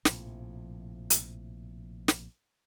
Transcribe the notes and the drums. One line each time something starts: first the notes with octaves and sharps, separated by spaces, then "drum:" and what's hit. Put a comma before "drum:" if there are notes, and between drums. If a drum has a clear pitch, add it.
A#1 A2 C3 F3, drum: snare
drum: hi-hat
drum: snare